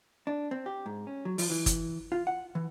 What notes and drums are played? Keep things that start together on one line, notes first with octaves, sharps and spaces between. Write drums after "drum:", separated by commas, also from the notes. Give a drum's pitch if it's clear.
D4
C4
G4
G#2
C#4
F#3
F3, drum: open hi-hat
E3
drum: kick G1, hi-hat
F4
F#5
E3